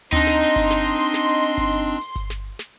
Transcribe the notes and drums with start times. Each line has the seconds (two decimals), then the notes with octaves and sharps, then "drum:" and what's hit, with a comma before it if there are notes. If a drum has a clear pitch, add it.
0.12 C4 D4 D#4 C6, drum: tom D2
0.27 drum: snare
0.41 drum: hi-hat
0.56 drum: kick G1, open hi-hat
0.70 drum: snare
0.85 drum: hi-hat
0.99 drum: hi-hat
1.14 drum: snare
1.29 drum: hi-hat
1.43 drum: hi-hat
1.58 drum: kick G1, hi-hat
1.72 drum: hi-hat
1.87 drum: open hi-hat
2.01 drum: hi-hat
2.16 drum: kick G1, hi-hat
2.30 drum: snare
2.59 drum: snare